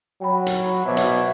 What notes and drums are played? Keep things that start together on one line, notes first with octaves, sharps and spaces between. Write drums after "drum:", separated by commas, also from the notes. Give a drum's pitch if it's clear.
F#3 G5 B5
drum: hi-hat
B2 C5 C#5 E5 F#5 D6
drum: hi-hat